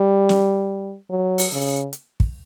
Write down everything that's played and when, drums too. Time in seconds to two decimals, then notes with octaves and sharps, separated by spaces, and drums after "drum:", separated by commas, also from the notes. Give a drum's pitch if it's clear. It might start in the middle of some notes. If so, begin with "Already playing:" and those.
Already playing: G3
0.29 drum: snare
1.11 F#3
1.38 drum: open hi-hat
1.52 C#3
1.93 drum: hi-hat
2.20 drum: kick